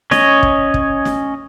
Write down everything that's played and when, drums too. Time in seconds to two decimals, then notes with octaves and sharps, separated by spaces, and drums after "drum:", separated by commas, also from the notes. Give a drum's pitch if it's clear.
0.11 C#4 C#5 D#5, drum: snare
0.43 drum: kick
0.74 drum: kick
1.05 drum: snare